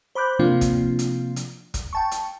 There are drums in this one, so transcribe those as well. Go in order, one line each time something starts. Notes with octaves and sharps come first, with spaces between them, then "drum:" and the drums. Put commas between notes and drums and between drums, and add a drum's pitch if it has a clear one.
C5 B5 D6 F#6 G6
C3 F3 A#3 C4 D4 F4
drum: kick, hi-hat
drum: hi-hat
drum: hi-hat
drum: kick, hi-hat
G5 A5 C#6
drum: hi-hat